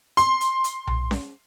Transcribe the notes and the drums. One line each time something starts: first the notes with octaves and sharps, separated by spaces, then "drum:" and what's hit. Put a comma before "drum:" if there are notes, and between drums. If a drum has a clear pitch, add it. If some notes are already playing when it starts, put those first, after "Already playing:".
C6, drum: hi-hat
drum: hi-hat
drum: hi-hat
drum: tom B1
drum: snare C#4